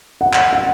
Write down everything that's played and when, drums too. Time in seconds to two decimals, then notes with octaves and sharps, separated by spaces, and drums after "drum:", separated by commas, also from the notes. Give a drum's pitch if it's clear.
0.21 F#5
0.33 drum: clap
0.53 F#5